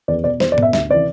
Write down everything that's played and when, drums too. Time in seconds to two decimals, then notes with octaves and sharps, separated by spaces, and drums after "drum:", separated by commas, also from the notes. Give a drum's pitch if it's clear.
0.08 E2 D5
0.24 B2 D5
0.40 E2 C5, drum: snare
0.52 D5
0.58 B2 E5, drum: tom G#2
0.73 D2 E5, drum: snare
0.90 C3 E3 D5